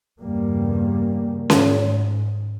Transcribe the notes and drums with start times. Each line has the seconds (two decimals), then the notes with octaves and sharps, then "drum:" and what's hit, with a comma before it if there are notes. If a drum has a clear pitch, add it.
0.21 E2 G2 C#3 G3 A#3
1.50 G#2, drum: snare C#4